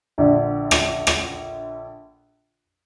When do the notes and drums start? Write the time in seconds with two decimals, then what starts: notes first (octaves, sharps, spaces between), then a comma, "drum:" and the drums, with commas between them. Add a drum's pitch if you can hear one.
0.18 A#1 D3
0.71 drum: rim click
1.07 drum: rim click